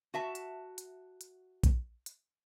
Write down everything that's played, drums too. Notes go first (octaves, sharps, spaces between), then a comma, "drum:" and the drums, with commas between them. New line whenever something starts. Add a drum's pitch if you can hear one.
F#4 E5 A5
drum: hi-hat
drum: hi-hat
drum: hi-hat
drum: kick, hi-hat
drum: hi-hat